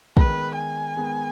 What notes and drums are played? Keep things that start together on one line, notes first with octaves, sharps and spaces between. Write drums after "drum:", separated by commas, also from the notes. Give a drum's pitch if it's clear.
D#3 G#3 B3 B4, drum: kick
G#5
D#3 G#3 B3